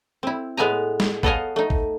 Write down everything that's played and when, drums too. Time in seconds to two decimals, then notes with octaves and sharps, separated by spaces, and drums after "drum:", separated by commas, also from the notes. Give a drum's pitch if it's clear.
0.23 C4 E4
0.57 A2 G#3 B3 E5 G#5 A#5
1.00 drum: snare
1.23 B3 A4 C#5 D#5 F5 G#5, drum: kick
1.56 A3 D#4
1.70 drum: kick